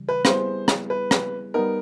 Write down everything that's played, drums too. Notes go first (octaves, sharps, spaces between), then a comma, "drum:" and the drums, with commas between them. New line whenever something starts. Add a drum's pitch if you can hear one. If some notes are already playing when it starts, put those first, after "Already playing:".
Already playing: C#3 E3 G3
B4
G3 B3 E4 G#4 B4 C5, drum: rim click
drum: rim click
B4
drum: rim click
G3 B3 D#4 A#4